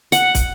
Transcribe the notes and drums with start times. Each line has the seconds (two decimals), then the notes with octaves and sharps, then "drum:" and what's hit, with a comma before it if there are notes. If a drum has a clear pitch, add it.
0.12 F#5, drum: hi-hat
0.35 drum: kick, hi-hat